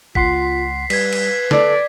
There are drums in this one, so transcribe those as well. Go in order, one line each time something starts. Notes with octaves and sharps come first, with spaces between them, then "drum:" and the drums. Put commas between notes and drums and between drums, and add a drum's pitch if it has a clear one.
C#2 F4 F#5 C6 B6 C7, drum: kick
G3 B4 G#6 B6, drum: cymbal
drum: cymbal
A4 D5, drum: snare